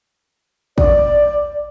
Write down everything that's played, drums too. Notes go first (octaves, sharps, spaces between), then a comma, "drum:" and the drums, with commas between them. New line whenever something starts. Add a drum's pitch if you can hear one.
D5, drum: kick